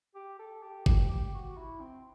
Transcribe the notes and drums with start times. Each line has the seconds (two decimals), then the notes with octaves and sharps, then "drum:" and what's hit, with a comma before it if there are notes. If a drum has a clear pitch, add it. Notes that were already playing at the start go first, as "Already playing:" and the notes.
0.15 G4
0.39 A4
0.63 G4
0.86 G4, drum: kick G#1
1.10 G4
1.34 F#4
1.57 E4
1.80 C4